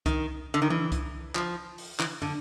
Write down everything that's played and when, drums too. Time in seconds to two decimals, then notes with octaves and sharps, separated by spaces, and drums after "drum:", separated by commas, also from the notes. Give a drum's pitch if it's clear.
0.06 D#3, drum: kick C2, hi-hat
0.54 D3
0.62 D#3
0.70 E3, drum: tom E3
0.92 drum: kick C2, hi-hat
1.35 F3, drum: clap
1.78 drum: open hi-hat
1.99 E3, drum: clap
2.22 D3, drum: tom